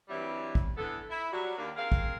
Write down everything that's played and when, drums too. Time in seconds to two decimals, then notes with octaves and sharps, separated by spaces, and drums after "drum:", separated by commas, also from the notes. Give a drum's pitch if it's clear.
0.09 G2 E3 F#3 G3 C4 E4
0.55 drum: kick
0.77 D3 E3 B3 A4
1.09 E4
1.32 F#3 G3 F#4
1.58 D#2 A#3 D4
1.76 C4 G#4 A#4 F5
1.92 drum: kick